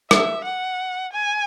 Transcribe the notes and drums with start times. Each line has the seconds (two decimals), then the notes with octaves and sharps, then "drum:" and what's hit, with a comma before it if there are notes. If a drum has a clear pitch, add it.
0.11 E5, drum: rim click
0.45 F#5
1.13 G#5